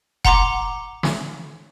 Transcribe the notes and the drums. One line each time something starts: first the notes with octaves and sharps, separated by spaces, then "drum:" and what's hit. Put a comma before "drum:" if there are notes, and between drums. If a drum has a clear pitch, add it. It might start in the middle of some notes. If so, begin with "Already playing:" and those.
F#5 A#5 C6 D6, drum: kick F1
drum: snare